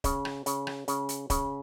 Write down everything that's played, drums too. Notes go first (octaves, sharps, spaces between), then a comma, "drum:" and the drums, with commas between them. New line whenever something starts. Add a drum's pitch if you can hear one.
C#3, drum: kick, hi-hat
drum: rim click
C#3, drum: hi-hat
drum: rim click
C#3, drum: hi-hat
drum: hi-hat
C#3, drum: kick, hi-hat